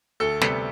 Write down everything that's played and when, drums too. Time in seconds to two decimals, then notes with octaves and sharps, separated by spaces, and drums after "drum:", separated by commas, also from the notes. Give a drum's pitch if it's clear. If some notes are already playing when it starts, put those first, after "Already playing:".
0.20 D2 A4
0.41 C3 G3 B3 A4, drum: snare